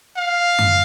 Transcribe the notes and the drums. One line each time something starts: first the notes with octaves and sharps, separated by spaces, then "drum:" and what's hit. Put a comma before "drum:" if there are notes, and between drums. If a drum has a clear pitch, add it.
F5
drum: tom F#2